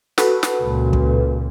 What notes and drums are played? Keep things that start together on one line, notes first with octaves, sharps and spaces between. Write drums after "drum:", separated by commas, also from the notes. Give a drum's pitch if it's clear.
F#4 A4 B4, drum: snare
drum: snare
C#2 A#2
drum: kick